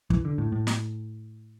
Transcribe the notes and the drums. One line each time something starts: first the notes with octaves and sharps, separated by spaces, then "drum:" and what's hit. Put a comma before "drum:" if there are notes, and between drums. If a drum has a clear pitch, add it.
E3, drum: kick
D3
A2
A2
drum: snare